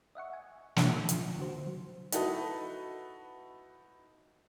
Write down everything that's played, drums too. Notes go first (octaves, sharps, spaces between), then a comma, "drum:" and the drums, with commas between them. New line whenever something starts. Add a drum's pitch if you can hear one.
D#5 E5 F#5 C#6
G#5
E3 A#3 D4 F4, drum: snare
D3 F3, drum: hi-hat
D3 F#4 C5
F#3
D#4 E4 F#4 A4 B4 D#5, drum: hi-hat